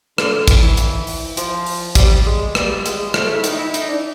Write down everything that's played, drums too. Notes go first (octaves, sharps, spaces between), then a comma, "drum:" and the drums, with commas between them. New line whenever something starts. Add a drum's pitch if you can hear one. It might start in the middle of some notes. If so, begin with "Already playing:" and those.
D3, drum: rim click
E3, drum: kick, hi-hat
drum: hi-hat
drum: open hi-hat
F3, drum: hi-hat
drum: open hi-hat
G3, drum: kick, hi-hat
G#3
G3, drum: rim click
G#3, drum: hi-hat
A3, drum: rim click
E4
D#4, drum: hi-hat
E4
D#4, drum: hi-hat
D4